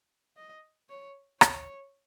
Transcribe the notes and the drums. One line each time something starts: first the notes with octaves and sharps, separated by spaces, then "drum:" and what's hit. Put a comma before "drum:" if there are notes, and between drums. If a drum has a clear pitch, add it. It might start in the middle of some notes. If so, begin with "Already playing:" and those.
D#5
C#5
C#5, drum: rim click